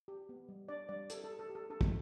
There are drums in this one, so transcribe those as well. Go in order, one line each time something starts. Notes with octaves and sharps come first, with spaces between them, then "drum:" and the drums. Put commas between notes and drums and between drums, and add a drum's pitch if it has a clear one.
G4
B3
G3
D4 D5
G3 D5
G4 A4, drum: hi-hat
A4
G4
A4
G4
A4
D4 A4
drum: kick